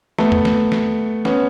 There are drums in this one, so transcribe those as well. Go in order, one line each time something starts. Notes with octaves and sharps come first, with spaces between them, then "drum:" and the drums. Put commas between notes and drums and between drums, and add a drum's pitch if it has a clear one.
A3 B3, drum: snare
drum: tom E2
drum: snare
drum: snare
B3 C#4, drum: snare